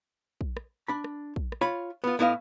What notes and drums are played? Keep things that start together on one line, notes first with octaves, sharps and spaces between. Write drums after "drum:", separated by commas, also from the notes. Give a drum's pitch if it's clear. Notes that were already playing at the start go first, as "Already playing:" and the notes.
drum: kick
drum: rim click
D4 B5
drum: rim click
drum: kick
drum: rim click
F4 C#5 B5
B3 F4
A2 B3 E4 B4 D#5 F5